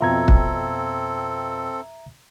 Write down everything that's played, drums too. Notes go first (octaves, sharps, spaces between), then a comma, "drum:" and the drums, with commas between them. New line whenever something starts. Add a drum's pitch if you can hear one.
F2 B2 C4 F4 A4 E5 A#5 G#6
drum: kick